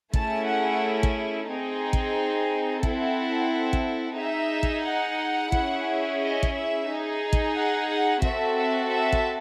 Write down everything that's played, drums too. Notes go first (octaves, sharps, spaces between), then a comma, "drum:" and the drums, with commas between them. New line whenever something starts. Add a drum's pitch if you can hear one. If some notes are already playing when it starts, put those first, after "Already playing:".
A3 C#4 E4 G#4 A5, drum: kick
F#5
drum: kick
C4 D#4 G#4
drum: kick
C4 E4 A4 F#5, drum: kick
drum: kick
D#4 G#4 E5
drum: kick
F#5
C#4 E4 G#4, drum: kick
D#5
drum: kick
E5
D#4 G#4
drum: kick
F#5
F#5
C4 F#4 A4 E5, drum: kick
E5
E5
drum: kick